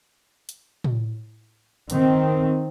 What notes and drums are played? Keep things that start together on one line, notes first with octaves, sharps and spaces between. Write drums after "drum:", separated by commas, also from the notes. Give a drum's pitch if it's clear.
drum: hi-hat
drum: tom A2
D#3 C4, drum: hi-hat